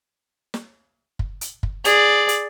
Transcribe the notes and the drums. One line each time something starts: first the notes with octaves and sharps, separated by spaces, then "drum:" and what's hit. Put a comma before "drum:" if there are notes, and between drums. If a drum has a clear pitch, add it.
drum: snare
drum: kick F#1
drum: hi-hat
drum: kick F#1
G#4 D5, drum: hi-hat
drum: hi-hat